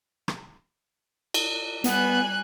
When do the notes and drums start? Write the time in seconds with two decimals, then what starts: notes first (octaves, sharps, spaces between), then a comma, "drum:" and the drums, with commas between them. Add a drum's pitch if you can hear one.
0.28 drum: rim click
1.34 drum: cymbal
1.84 G3 B3 G#5 F#6, drum: hi-hat